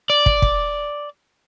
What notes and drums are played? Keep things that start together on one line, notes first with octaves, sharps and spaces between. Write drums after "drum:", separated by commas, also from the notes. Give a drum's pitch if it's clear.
D5
drum: kick
drum: kick